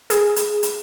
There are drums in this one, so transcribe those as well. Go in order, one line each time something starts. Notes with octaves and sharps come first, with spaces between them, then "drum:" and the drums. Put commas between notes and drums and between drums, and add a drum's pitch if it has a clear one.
G#4, drum: hi-hat
drum: hi-hat
drum: hi-hat